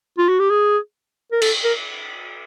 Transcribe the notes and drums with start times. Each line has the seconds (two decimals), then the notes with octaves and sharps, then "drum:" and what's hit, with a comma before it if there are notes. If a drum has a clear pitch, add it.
0.18 F4
0.29 F#4
0.40 G4
0.50 G#4
1.32 A#4
1.42 A4, drum: cymbal
1.64 A#4